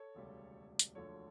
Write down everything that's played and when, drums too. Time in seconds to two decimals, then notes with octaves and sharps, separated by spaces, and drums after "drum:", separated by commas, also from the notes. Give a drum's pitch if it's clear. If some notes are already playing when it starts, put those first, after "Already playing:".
Already playing: A4 C#5
0.15 E1 D2 C#3 G3
0.79 drum: hi-hat
0.95 E1 D2 D3 F3 A4 C#5